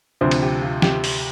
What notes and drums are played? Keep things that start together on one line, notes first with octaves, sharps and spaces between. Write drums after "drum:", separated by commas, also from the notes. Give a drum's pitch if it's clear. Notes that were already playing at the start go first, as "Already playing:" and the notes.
D2 C3 F3 C5
drum: cymbal
G4
F4
G4, drum: snare
drum: open hi-hat